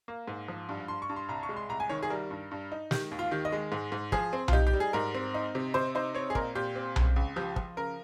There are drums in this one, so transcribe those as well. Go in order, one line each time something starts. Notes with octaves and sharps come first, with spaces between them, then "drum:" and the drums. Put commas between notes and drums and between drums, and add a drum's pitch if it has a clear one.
A#3
G#2
F3
G2
G2 C6
C#6
G2
C6
C2 A#5
C#6
G#3
C6
C2 A#5
G#5
D#3 C#5
G#4
G3 A#4
G2
G2
D#4
D#3 G4, drum: snare
D#2
F4
D#3 G4
D#5
G#3
G#2
G#2
F3 G#4, drum: kick
C4
F4, drum: tom B1
D#4 G4
G4
G3
G#4
G#2 A#4
C4
D#4
C3
C3 C5
D#4 C5
C4 C#5
G#4
A#2 A#4, drum: kick
A#2 G4
C4
C#2, drum: tom B1
C#2
F3 G4
F3, drum: kick
C#3 A#4